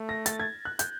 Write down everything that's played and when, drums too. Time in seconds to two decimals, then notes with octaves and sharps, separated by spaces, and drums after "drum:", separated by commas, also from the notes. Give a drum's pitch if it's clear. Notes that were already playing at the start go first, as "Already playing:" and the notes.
Already playing: A3
0.09 A#6
0.26 A6, drum: hi-hat
0.40 G#6
0.65 F#6
0.79 G6, drum: hi-hat